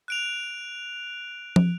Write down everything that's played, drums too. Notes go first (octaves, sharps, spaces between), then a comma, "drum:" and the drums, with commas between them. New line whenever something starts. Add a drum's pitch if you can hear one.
F#6 D7 F7
drum: tom